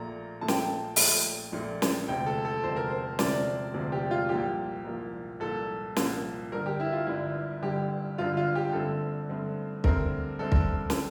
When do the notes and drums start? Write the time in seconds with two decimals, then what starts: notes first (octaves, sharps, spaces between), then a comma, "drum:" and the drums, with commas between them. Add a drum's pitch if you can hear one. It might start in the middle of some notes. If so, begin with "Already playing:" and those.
Already playing: A#1 A#2 A3 A#5
0.41 A#1 A#2 A3 A5
0.48 G5, drum: snare
0.55 A5
0.96 A#1 A#2 A3, drum: open hi-hat
1.52 A#1 A#2 A3
1.82 drum: snare
2.08 E1 D2 C3 F3 G5
2.26 A4
2.45 A4
2.63 E1 D2 C3 F3 C5
2.76 A#4
2.90 C5
3.19 E1 D2 C3 F3 D5, drum: snare
3.74 E1 D2 C3 F3
3.92 G4
4.11 F4
4.29 C2 A#2 F3 A#3 G4
4.85 C2 A#2 F3 A#3
5.40 C2 A#2 F3 A#3 A4
5.96 C2 A#2 F3 A#3, drum: snare
6.52 G1 G2 D3 A#4
6.66 G4
6.80 E4
6.92 F4
7.07 G1 G2 D3 E4
7.62 G1 G2 D3 G4
8.18 G1 G2 D3 F4
8.37 F4
8.55 G4
8.73 G2 D3 A3 C4 A4
9.29 G2 D3 A3 C4
9.84 G2 D3 A3 C4 A#4, drum: kick
10.39 G2 D3 A3 C4 A4
10.52 drum: kick
10.90 drum: snare